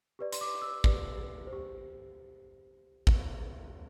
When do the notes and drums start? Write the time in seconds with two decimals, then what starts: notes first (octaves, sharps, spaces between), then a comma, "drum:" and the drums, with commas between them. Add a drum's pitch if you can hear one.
0.19 G4 B4 D5
0.33 C6, drum: hi-hat
0.41 D6
0.62 E6
0.84 G4 B4 D5, drum: kick
1.47 C5
1.53 G4
3.07 drum: kick